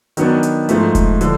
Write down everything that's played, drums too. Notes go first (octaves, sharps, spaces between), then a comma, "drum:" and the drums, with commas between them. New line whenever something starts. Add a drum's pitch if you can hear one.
D#3 F#3 B3 D4, drum: hi-hat
drum: hi-hat
G#2 F3 A3, drum: hi-hat
drum: kick E1, hi-hat
D3 F3, drum: hi-hat